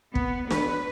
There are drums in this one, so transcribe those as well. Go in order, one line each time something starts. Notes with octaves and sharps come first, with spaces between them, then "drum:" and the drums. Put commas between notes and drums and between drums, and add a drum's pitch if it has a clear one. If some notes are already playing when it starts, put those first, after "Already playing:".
B3, drum: kick
B4, drum: snare